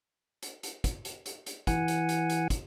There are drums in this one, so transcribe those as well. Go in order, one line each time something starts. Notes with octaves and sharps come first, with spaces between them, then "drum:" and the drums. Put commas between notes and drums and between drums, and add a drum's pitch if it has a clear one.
drum: hi-hat
drum: hi-hat
drum: kick, hi-hat
drum: hi-hat
drum: hi-hat
drum: hi-hat
E3 F#5 G#5, drum: kick, hi-hat
drum: hi-hat
drum: hi-hat
drum: hi-hat
drum: kick, hi-hat